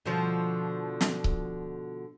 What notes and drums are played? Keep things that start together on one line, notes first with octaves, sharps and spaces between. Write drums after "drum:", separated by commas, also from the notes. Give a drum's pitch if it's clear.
B2 D3 F3
drum: snare
drum: kick C#1